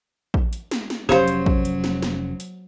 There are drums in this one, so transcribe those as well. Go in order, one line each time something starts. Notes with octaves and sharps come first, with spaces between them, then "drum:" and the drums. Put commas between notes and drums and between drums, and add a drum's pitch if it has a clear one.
drum: kick
drum: hi-hat
drum: snare
drum: snare
F1 F#3 C#4 G4 C5 C#5 F5
drum: hi-hat
drum: kick
drum: hi-hat
drum: snare
drum: snare
drum: hi-hat